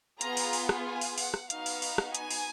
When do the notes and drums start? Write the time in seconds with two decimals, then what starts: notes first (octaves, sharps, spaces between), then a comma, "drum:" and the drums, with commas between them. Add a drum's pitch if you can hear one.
0.21 B3 F4 G#4 A#5, drum: hi-hat
0.37 drum: open hi-hat
0.53 drum: open hi-hat
0.69 drum: rim click
0.85 G#5
1.01 drum: open hi-hat
1.18 F#5, drum: open hi-hat
1.34 drum: rim click
1.50 B3 D#4 F#4 F5, drum: hi-hat
1.66 drum: open hi-hat
1.82 drum: open hi-hat
1.98 drum: rim click
2.15 G#5, drum: hi-hat
2.30 drum: open hi-hat